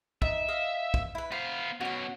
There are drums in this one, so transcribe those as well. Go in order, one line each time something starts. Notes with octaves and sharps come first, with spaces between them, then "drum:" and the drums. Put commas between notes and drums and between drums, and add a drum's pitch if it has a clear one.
D#4 E5, drum: kick
D#5 F5
drum: kick
E4 B4
B3 C5 F5
B2 C#4 F#4 F#5